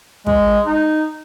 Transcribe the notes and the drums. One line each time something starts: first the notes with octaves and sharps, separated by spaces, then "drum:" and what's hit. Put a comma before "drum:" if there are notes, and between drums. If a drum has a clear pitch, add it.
G#3, drum: kick
D#4